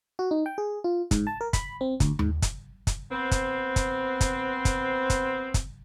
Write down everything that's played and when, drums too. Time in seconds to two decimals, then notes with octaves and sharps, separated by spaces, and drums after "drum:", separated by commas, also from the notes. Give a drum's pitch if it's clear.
0.19 F#4
0.31 D#4
0.46 G5
0.58 G#4
0.84 F4
1.11 G#2, drum: kick, hi-hat
1.27 A5
1.41 A#4
1.53 B5, drum: kick, hi-hat
1.81 C4
2.00 D2, drum: kick, hi-hat
2.19 G#2, drum: tom D#2
2.42 drum: kick, hi-hat
2.87 drum: kick, hi-hat
3.12 B3 C4
3.31 drum: kick, hi-hat
3.76 drum: kick, hi-hat
4.21 drum: kick, hi-hat
4.65 drum: kick, hi-hat
5.10 drum: kick, hi-hat
5.54 drum: kick, hi-hat